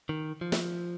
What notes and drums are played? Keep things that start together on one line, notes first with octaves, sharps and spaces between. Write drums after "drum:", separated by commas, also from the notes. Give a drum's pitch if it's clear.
D#3
F3
drum: snare